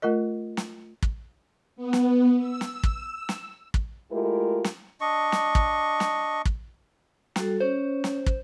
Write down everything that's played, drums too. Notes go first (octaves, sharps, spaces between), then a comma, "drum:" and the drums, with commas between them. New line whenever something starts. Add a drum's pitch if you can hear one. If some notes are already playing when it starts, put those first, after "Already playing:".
A3 F4 A#4 D#5
drum: snare
drum: kick
B3
drum: snare
E6
drum: snare
drum: kick
drum: snare
drum: kick
G#3 A3 E4 F4 G4 A#4
drum: snare
D4 D#5 C#6
drum: snare
drum: kick
drum: snare
drum: kick
G3 F#4 A4, drum: snare
C#4 C5 C#5
drum: snare
drum: kick